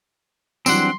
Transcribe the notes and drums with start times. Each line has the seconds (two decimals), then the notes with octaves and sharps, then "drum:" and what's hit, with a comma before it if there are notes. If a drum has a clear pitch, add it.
0.66 E3 F#3 G3 C4 D4 F#5 C6, drum: tambourine